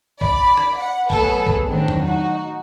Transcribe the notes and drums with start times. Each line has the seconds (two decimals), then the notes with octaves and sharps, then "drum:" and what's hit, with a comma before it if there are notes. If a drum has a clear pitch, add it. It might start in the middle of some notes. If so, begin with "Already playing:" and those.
0.21 D5 B5, drum: kick A#1
0.57 drum: rim click
0.79 F#5
1.10 F#3 A3 B3 G#4 A4 B4, drum: kick A#1
1.46 drum: kick A#1
1.69 A2 D#3 F#3 C4 D4
1.88 drum: tom E2
2.03 D#4 F#4